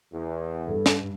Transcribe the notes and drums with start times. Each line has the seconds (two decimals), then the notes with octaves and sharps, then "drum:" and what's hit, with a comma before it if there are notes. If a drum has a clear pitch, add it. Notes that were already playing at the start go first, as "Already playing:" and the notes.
0.13 E2
0.67 G2 A4
0.86 drum: snare